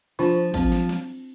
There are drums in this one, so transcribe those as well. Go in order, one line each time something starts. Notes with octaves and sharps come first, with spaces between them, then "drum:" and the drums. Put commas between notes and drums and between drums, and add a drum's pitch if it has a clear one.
F3 D4 F4 C5
F3 C4, drum: kick A1, cymbal
drum: snare
drum: snare